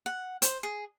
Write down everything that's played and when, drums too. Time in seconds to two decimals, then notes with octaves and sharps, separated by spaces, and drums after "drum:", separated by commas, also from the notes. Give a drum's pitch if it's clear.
0.06 F#5
0.42 C5, drum: hi-hat
0.63 G#4